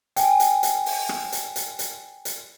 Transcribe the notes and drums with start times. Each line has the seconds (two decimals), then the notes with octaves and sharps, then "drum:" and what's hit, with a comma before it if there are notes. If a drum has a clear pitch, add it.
0.16 G5 G#5, drum: hi-hat
0.40 drum: hi-hat
0.63 drum: hi-hat
0.86 drum: open hi-hat
1.09 drum: rim click
1.32 drum: hi-hat
1.56 drum: hi-hat
1.79 drum: hi-hat
2.25 drum: hi-hat